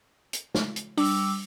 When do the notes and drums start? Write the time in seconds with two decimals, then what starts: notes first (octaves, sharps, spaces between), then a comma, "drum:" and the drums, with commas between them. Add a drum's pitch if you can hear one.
0.33 drum: hi-hat
0.55 drum: snare
0.76 drum: hi-hat
0.97 G3 D4 D6 E6, drum: open hi-hat